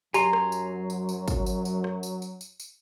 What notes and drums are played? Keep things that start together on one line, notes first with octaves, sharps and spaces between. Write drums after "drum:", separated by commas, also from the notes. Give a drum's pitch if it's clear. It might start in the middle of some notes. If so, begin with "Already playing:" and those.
F#2 F#3 G4 G#5 A#5 C6, drum: tambourine
drum: rim click
drum: tambourine
drum: tambourine
drum: tambourine
drum: kick, tambourine
drum: tambourine
drum: tambourine
drum: rim click
drum: tambourine
drum: tambourine
drum: tambourine
drum: tambourine